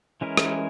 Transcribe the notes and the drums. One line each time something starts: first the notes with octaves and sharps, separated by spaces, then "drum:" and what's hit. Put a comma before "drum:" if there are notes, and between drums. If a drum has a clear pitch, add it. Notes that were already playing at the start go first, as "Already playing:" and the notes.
E3 G#3 C#4 E4 A#4
drum: rim click